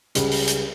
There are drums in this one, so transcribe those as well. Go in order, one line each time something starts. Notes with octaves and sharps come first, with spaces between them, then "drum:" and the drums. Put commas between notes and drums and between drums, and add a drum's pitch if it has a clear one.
C#2 C#3 G3, drum: hi-hat
drum: open hi-hat
drum: hi-hat